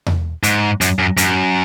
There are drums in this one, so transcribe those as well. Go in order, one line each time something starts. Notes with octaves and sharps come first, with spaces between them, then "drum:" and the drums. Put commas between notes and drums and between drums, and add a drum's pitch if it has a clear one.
drum: tom E2
G#2, drum: hi-hat
F#2, drum: hi-hat
F#2
F#2, drum: hi-hat